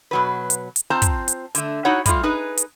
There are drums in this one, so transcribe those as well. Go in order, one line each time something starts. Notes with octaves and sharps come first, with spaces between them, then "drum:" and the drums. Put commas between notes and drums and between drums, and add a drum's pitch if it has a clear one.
B2 F#3 B4
drum: hi-hat
drum: hi-hat
C4 F4 C5 A5 A#5
drum: kick, hi-hat
drum: hi-hat
D3 A3, drum: hi-hat
D#4 E4 F#4 C#5 F#5
G3 A3 F4, drum: kick, hi-hat
D#4 G#4 B4
drum: hi-hat